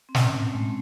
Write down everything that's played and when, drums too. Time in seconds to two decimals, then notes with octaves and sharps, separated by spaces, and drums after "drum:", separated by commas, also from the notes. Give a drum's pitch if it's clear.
0.09 C4
0.15 A2 C#4, drum: snare
0.34 A2 C4
0.49 G#3
0.54 A2 A3